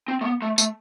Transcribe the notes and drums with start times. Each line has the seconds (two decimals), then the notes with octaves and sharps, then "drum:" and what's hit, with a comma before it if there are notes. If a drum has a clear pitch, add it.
0.08 C4
0.21 A3
0.25 B3
0.42 A3
0.58 A3, drum: tambourine